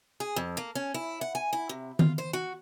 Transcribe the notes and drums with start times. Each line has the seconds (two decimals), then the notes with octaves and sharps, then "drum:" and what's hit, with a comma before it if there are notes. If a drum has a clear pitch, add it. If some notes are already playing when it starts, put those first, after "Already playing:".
0.20 G#4
0.36 F2
0.57 A#3
0.75 C#4
0.94 E4
1.21 F#5
1.35 G#5
1.53 E4
1.69 C3
1.99 F4, drum: tom D#3
2.18 C5
2.33 F#4